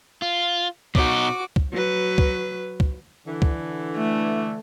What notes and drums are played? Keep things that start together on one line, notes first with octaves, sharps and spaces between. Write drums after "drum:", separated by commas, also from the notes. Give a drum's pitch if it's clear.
F4
B2 D#4 F#4 D6, drum: kick C#2
drum: kick C#2
F#3 B4
drum: kick C#2
drum: kick C#2
D3 E3
drum: kick C#2
A3